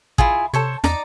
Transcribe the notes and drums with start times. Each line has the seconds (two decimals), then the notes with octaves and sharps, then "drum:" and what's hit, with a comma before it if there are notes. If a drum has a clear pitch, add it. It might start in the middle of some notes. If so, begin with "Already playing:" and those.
0.18 E4 F4 G#4, drum: kick
0.54 C3 A4 C5 C#5
0.84 E2 D#4 D5 A#5, drum: snare